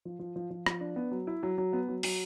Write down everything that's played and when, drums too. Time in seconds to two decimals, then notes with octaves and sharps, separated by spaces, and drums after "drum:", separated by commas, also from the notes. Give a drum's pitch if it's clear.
0.05 F3
0.19 F3
0.36 F3
0.50 F3
0.66 F3, drum: rim click
0.81 D4
0.96 B3
1.11 F#3
1.27 E4
1.43 F#3
1.58 F#3
1.73 B3
1.88 F#3
2.03 F#3, drum: open hi-hat